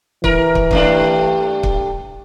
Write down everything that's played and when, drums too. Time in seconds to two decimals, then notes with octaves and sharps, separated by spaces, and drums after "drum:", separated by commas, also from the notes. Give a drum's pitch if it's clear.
0.24 E3 A#4, drum: kick
0.55 drum: kick
0.71 G2 A3 D4, drum: kick
1.63 drum: kick